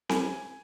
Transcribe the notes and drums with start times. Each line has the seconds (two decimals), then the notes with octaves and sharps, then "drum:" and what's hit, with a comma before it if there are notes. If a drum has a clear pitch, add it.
0.09 G#5, drum: snare C4